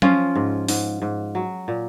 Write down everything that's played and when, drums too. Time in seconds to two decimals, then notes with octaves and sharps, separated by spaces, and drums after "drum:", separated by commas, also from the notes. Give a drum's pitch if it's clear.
0.02 F3 C#4 F4, drum: tom F#3
0.35 G#2
0.68 G#2, drum: open hi-hat
1.02 G#2
1.35 F#3
1.68 A#2